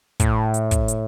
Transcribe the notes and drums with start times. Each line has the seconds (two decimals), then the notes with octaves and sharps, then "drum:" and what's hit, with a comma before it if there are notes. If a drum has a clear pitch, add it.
0.20 A2, drum: kick, hi-hat
0.54 drum: hi-hat
0.71 drum: kick, hi-hat
0.88 drum: hi-hat